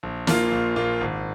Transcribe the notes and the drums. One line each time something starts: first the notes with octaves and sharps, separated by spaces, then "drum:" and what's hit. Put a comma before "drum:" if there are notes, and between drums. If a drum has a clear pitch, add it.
A#1
A#2 A#3 F4, drum: snare
A#1
A#2 A#3 F4
G#1